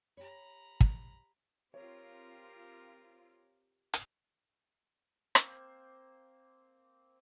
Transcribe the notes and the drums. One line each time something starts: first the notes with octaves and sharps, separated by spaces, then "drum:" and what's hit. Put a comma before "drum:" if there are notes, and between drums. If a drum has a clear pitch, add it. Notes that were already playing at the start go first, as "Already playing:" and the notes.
G4 C#5 A#5 B5
drum: kick
C4 F4 G4 A#4 C#5
drum: hi-hat
A#3 C4 C5, drum: rim click